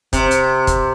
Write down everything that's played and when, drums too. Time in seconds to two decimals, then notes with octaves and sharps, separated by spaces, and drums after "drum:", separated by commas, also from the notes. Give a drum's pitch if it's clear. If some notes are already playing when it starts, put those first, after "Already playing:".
0.13 C3, drum: kick, hi-hat
0.31 drum: hi-hat
0.67 drum: kick, hi-hat